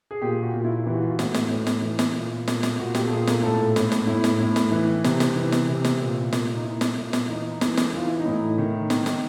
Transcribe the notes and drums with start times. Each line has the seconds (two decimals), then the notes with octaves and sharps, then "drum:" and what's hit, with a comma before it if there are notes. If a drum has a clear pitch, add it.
0.11 G#4
0.22 A#2 G4
0.43 F#4
0.54 A#2
0.60 F4
0.65 E4
0.86 E3 G4
0.94 F#4
1.02 F4
1.11 F#4
1.19 A2, drum: snare
1.34 drum: snare
1.51 A2
1.67 drum: snare
1.82 E3
1.99 drum: snare
2.14 A#2
2.48 A#2, drum: snare
2.63 drum: snare
2.79 A#2 F#4
2.95 G4, drum: snare
3.04 A4
3.11 A#2 G#4
3.27 A#4, drum: snare
3.43 A2 A4
3.76 A2, drum: snare
3.92 drum: snare
4.07 A2 E4
4.24 drum: snare
4.40 A2
4.56 drum: snare
4.71 E3
5.04 C3, drum: snare
5.20 drum: snare
5.36 E3
5.52 drum: snare
5.69 C3
5.85 drum: snare
6.01 A#2
6.33 A#2, drum: snare
6.55 D#4
6.65 A#2 E4
6.81 drum: snare
6.98 A#2
7.13 drum: snare
7.29 E3 D#4
7.61 E3, drum: snare
7.77 drum: snare
7.93 E3 F4
8.06 E4
8.20 D#4
8.25 A2
8.33 E4
8.58 D#3
8.90 D#3, drum: snare
9.06 drum: snare